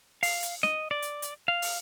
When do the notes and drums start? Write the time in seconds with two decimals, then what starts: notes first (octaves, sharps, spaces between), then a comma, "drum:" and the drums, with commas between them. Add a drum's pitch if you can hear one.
0.23 F5, drum: open hi-hat
0.43 drum: hi-hat
0.63 D#5, drum: snare
0.91 D5
1.02 drum: hi-hat
1.22 drum: hi-hat
1.48 F5
1.62 drum: open hi-hat